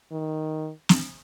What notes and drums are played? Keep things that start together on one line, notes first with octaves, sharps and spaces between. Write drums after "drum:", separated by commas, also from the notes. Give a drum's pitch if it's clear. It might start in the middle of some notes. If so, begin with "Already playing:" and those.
D#3
drum: snare